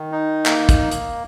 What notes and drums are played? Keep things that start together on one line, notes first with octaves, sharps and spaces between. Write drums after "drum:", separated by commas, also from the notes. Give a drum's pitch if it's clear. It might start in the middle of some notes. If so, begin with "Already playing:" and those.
Already playing: D#3
D#4
A#3, drum: clap
drum: kick, hi-hat
drum: hi-hat